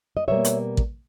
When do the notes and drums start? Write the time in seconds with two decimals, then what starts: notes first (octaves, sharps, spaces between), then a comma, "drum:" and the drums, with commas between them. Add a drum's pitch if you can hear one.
0.17 D#5
0.28 B2 G3 A#3 C#5 E5
0.45 drum: hi-hat
0.77 drum: kick